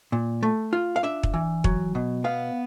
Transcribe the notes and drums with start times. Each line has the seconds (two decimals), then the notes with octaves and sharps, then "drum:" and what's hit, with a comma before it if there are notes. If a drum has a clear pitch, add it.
0.12 A#2
0.43 A3
0.73 F4
0.96 F5
1.03 D4 E5
1.23 drum: kick
1.34 E3
1.64 F#3, drum: kick
1.95 B2
2.24 B3 F5